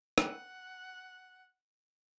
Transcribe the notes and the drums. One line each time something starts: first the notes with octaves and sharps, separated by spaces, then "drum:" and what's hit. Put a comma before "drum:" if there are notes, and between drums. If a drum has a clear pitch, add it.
F#5, drum: rim click